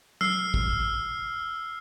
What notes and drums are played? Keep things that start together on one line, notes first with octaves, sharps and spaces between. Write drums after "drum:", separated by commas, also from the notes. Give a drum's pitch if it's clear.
E6 F6 C7, drum: tom F#3
drum: kick